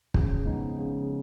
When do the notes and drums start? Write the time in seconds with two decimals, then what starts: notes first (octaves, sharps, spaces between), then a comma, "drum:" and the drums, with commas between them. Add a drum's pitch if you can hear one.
0.14 C#3, drum: kick
0.46 F3 G#3 B3 D#4
0.78 C#3